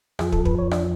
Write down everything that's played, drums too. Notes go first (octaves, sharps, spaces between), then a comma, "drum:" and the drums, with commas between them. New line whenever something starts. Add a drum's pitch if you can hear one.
F2 F3 G#4, drum: rim click
A4, drum: kick
B4, drum: kick
C#5
D4, drum: rim click